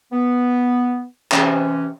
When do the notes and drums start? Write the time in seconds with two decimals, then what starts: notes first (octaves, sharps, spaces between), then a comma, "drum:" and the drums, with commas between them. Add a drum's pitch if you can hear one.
0.13 B3
1.32 C3 E3 C#4, drum: clap